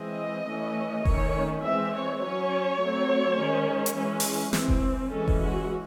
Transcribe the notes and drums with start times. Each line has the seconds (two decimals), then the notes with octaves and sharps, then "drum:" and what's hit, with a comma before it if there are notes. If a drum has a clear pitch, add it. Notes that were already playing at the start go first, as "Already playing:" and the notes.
Already playing: E3 G#3 C4 D#5
0.48 E3 A3 C#4
1.05 D#3 A3 C#4 C#5, drum: kick F1
1.64 E3 G#3 C4 E5
1.92 C#5
2.21 F#3 C#4 C#5
2.80 F#3 A3 C4
3.38 D#3 G#3 C#4
3.86 drum: hi-hat
3.95 E3 G#3 C#4
4.20 drum: open hi-hat
4.53 E3 C4, drum: snare
4.68 drum: kick F1
5.11 E3 G#3 C#4 A4
5.28 drum: kick F1
5.40 F#4